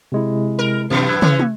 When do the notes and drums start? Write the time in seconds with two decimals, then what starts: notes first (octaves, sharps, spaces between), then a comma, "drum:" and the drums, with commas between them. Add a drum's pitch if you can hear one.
0.12 C3 G#3 E4
0.59 A#4
0.90 F#2 A2 C3 E3
1.09 E6 F#6 G#6
1.22 E3 C#4, drum: tom
1.40 drum: tom